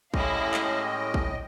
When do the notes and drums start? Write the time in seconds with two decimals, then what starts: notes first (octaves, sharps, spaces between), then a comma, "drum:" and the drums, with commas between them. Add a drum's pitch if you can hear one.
0.14 A2 G#3 C#4 E4 G4 A4 D#5 F5, drum: kick
0.54 drum: clap
0.87 G5
1.14 drum: kick